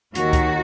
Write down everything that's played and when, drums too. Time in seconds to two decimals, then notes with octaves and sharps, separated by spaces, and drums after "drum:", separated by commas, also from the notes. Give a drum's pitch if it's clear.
0.15 D#2 D#3 F#4, drum: hi-hat
0.33 drum: kick C#2, hi-hat